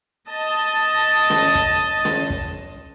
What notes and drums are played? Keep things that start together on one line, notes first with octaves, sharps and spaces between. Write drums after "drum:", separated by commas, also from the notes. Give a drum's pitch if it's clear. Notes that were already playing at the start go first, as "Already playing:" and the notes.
D#5 A5
drum: snare
drum: kick
drum: snare
drum: kick